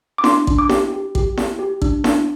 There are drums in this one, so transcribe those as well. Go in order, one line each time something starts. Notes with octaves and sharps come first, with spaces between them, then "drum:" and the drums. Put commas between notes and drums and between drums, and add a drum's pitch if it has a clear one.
D6
D4 C6, drum: snare E4
D4, drum: kick
D6
G4, drum: snare E4
G4
G4, drum: kick
G4, drum: snare E4
G4
D4, drum: kick
D4, drum: snare E4